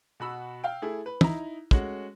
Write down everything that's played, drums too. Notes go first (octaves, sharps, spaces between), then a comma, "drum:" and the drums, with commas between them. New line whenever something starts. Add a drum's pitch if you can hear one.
B2 F#4 B5 E6
F5 G5
A3 E4 G#4
B4
D#4 E4 A#5, drum: tom
G#3 A3 C#4 F#4, drum: kick